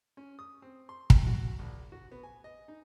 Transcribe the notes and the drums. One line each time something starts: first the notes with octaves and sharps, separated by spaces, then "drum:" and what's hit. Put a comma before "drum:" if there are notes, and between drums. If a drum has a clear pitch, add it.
C#4
D#6
C4
C6
G5, drum: kick
F#4
A#1
F#4
B3
G#5
D#5
D#4